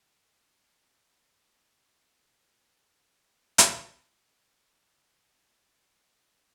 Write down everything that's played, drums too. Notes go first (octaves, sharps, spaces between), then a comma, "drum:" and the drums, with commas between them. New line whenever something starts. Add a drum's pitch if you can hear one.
A#2 C4
B4
G#3 A#3 B3
drum: hi-hat
F6
F#5
D#3 C#4 B5
F#2 C3